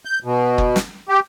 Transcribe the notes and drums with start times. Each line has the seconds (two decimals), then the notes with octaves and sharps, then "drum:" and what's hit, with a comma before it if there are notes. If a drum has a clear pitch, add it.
0.05 G6
0.24 B2
0.58 drum: kick F#1
0.76 drum: snare
1.09 G4